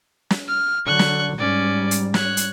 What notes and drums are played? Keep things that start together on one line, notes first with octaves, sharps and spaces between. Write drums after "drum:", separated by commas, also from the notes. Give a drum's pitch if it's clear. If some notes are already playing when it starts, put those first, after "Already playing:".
drum: snare
F6
D3 F#3 C#6 F#6
drum: snare
G#2 G3 C#4 D5
drum: hi-hat
C#5 F#6, drum: snare
drum: hi-hat